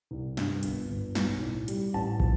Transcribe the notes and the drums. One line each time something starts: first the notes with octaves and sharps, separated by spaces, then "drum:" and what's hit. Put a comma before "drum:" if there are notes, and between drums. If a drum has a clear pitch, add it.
C2
G2, drum: snare
G1, drum: hi-hat
G1
B1, drum: snare
A2
G3, drum: hi-hat
A1 A5
F3, drum: kick